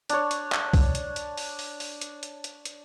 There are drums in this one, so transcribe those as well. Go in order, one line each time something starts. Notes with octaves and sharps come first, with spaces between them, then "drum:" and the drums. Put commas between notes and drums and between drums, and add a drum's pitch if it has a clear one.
D4 C#5, drum: hi-hat
drum: hi-hat
drum: clap
drum: kick C2, open hi-hat
drum: hi-hat
drum: hi-hat
drum: open hi-hat
drum: open hi-hat
drum: open hi-hat
drum: hi-hat
drum: hi-hat
drum: hi-hat
drum: hi-hat